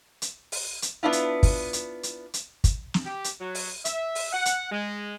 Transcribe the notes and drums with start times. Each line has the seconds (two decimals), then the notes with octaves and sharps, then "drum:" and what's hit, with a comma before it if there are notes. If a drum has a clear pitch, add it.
0.22 drum: hi-hat
0.52 drum: open hi-hat
0.82 drum: hi-hat
1.03 B3 D4 E4 F4
1.13 drum: hi-hat
1.43 drum: kick, open hi-hat
1.73 drum: hi-hat
2.03 drum: hi-hat
2.34 drum: hi-hat
2.64 drum: kick, hi-hat
2.94 drum: snare
3.06 G4
3.24 drum: hi-hat
3.40 F#3
3.55 drum: open hi-hat
3.85 E5, drum: hi-hat
4.15 drum: open hi-hat
4.33 F#5
4.45 drum: hi-hat
4.71 G#3